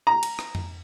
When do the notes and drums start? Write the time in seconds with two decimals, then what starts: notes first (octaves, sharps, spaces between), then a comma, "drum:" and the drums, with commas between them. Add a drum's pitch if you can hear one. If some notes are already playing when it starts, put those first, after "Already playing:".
0.07 A#5
0.23 drum: cymbal
0.39 drum: rim click
0.55 drum: tom F2